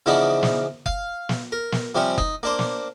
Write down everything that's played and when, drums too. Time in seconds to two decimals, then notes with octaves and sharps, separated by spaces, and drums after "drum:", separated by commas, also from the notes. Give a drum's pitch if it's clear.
0.06 C#3 E3 F3 B3 D4 D#4
0.43 drum: snare
0.86 F5, drum: kick F#1
1.29 drum: snare
1.52 A#4
1.72 drum: snare
1.95 C3 F3 G3 C4 C#4
2.18 D#4, drum: kick F#1
2.43 A#3 D4 C5
2.59 drum: snare